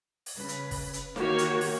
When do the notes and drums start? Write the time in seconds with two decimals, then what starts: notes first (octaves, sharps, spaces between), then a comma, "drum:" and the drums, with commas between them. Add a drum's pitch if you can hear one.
0.26 drum: open hi-hat
0.37 C#3 B4
0.49 drum: hi-hat
0.71 drum: kick, open hi-hat
0.93 drum: hi-hat
1.16 D#3 E3 A#3 F#4 G4 C#5, drum: snare D#4
1.38 drum: hi-hat
1.61 drum: open hi-hat